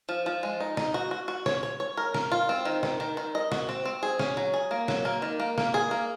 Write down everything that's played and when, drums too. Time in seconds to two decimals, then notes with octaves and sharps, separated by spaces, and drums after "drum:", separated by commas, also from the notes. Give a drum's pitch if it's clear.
0.09 F3
0.26 F3
0.43 G#3
0.60 D#4
0.77 D#4, drum: snare
0.94 F#4
1.11 F#4
1.28 F#4
1.46 C#5, drum: snare
1.63 C#5
1.80 C#5
1.97 A#4
2.14 A#4, drum: snare
2.32 F4
2.49 C4
2.65 D#3
2.83 D#3, drum: snare
3.00 D#3
3.17 D#3
3.35 D#5
3.52 F#4, drum: snare
3.69 C4
3.85 C4
4.03 G#4
4.19 C#4, drum: snare
4.37 F#3
4.54 G#4
4.71 A#3
4.88 F#3, drum: snare
5.05 A#3
5.22 D#3
5.40 A#3
5.58 A#3, drum: snare
5.74 G#4
5.91 A#3